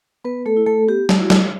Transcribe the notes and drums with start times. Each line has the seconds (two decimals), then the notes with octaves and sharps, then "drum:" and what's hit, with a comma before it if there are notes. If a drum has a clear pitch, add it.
0.24 B3 B4
0.46 A3 A4
0.57 E4
0.66 A3 A4
0.87 B3 G4
1.09 drum: snare
1.20 E4 F#4
1.30 drum: snare